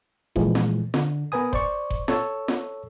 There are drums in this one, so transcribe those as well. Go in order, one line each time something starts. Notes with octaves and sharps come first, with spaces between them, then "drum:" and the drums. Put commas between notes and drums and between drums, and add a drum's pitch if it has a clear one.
A#2 E3 F3 G#3 A3, drum: kick F#1
drum: snare
D3, drum: snare
B3 A#4 B4 G#5 D#6
C5 D5 C#6, drum: kick F#1
drum: kick F#1
A4 C#5 C#6 E6, drum: snare
drum: snare